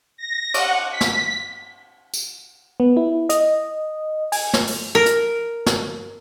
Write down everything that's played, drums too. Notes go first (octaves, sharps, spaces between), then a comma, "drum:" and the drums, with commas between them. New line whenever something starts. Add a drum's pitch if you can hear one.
A#6
F#5, drum: cymbal
B6
drum: snare
drum: tambourine
B3
E4
D#5, drum: hi-hat
G#5, drum: open hi-hat
drum: snare
drum: open hi-hat
A#4
drum: hi-hat
drum: snare